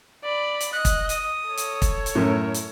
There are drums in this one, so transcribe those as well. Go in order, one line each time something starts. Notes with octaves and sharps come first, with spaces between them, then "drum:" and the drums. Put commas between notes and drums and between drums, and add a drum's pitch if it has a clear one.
D5 B5
drum: hi-hat
D#5 F#6
drum: kick, hi-hat
D#6, drum: hi-hat
A4 C#5
drum: hi-hat
drum: kick, hi-hat
drum: hi-hat
F#2 A2 A#4
drum: hi-hat